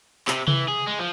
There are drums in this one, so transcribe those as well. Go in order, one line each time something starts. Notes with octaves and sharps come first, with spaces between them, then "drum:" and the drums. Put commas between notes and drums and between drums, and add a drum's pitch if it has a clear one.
C3, drum: clap
E3, drum: tom C3
G#4
G#3
F3